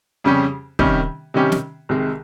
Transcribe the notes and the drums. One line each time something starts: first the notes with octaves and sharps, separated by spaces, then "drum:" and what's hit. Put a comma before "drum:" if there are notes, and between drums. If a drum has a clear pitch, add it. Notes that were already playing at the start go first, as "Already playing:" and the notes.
F2 C#3 G3 C#4 G4
C3 D#3 G3 C#4 G4, drum: kick
C3 D#3 G3 C#4 G4
drum: snare
C2 C3 D#3 G#3